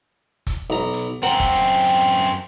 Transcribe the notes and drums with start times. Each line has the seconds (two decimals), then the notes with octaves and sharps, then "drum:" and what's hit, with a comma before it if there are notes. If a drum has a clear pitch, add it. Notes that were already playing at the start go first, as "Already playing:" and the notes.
0.47 drum: kick F#1, hi-hat
0.70 B1 A#5
0.93 drum: hi-hat
1.23 F#2 C4 A#4 F#5
1.40 drum: kick F#1, hi-hat
1.86 drum: hi-hat